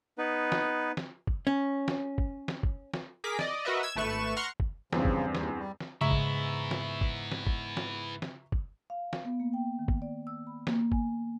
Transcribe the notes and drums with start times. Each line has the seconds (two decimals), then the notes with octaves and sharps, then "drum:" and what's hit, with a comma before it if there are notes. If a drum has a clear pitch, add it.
0.18 B3 D#4 B4
0.52 drum: snare
0.97 drum: snare
1.27 drum: kick
1.47 C#4
1.88 drum: snare
2.18 drum: kick
2.48 drum: snare
2.63 drum: kick
2.94 drum: snare
3.24 G#4 A#4 D6 B6
3.39 D5 D#5, drum: snare
3.65 F#4 A#4 B4 D#5 E5
3.83 E6 G#6
3.96 G#1 A3 B4 C#6 E7
4.37 F#5 A#5 C6 C#6 F6
4.60 drum: kick
4.93 E2 G2 C#3 F3 C4, drum: snare
5.05 drum: kick
5.35 D#2, drum: snare
5.57 G3
5.80 drum: snare
6.01 G#2 C#3 G#3 B3 E4 E5 A#5 C#6
6.11 drum: kick
6.71 drum: snare
7.01 drum: kick
7.32 drum: snare
7.47 drum: kick
7.77 drum: snare
8.22 drum: snare
8.52 drum: kick
8.90 F5
9.13 drum: snare
9.25 B3
9.40 A#3
9.54 G5
9.79 D#3
9.88 drum: kick
10.02 D5
10.27 E6
10.47 B5
10.67 A#3, drum: snare
10.92 G#5, drum: kick